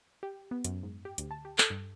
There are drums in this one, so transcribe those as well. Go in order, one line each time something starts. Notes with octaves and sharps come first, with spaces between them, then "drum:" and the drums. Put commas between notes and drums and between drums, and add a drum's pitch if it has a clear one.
G4
B3
F#2, drum: hi-hat
G#2
G4
D2, drum: hi-hat
A5
G4
A4, drum: clap
G2